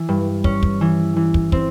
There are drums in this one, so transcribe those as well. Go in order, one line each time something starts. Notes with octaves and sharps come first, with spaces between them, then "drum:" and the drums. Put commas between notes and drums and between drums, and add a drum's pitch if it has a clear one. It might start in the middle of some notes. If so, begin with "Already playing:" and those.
Already playing: E3
G2
C#4, drum: kick
drum: kick
E3
E3
drum: kick
C4, drum: kick